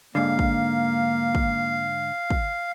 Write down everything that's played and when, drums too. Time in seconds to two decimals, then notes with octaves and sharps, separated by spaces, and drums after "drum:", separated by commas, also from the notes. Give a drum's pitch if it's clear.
0.15 G#2 D3 A#3 F5
0.39 drum: kick
1.35 drum: kick
2.30 drum: kick